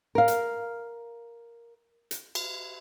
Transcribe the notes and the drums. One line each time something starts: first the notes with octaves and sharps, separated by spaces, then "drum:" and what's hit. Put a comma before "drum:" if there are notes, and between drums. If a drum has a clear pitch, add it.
A#4 F5
drum: hi-hat
drum: hi-hat
drum: cymbal